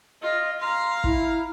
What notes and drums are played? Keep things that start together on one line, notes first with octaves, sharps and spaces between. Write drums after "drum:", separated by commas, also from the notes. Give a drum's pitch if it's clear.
F4 D#5
F5 A#5 C6
E4, drum: kick